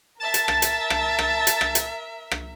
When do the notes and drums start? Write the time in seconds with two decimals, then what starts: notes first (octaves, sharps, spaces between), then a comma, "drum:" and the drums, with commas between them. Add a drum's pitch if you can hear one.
0.20 A#4 E5 A5 A6
0.34 drum: hi-hat
0.48 drum: rim click
0.62 drum: hi-hat
0.90 drum: rim click
1.19 drum: rim click
1.47 drum: hi-hat
1.61 drum: rim click
1.75 drum: hi-hat
2.31 drum: rim click